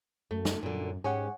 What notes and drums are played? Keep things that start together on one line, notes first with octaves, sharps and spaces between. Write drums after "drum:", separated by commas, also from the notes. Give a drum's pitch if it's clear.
F#2 A3
drum: snare
F#2 A#2 D3
G#2 C#4 G4 G#4 C#5 F#5